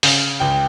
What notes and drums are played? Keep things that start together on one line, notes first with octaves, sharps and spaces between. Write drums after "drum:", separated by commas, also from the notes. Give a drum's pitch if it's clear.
C#3, drum: open hi-hat
C#2 G5